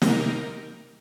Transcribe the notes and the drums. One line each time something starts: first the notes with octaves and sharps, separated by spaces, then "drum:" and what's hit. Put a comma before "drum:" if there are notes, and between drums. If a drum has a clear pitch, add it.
C3 G3 A#3 D#4 A#4, drum: snare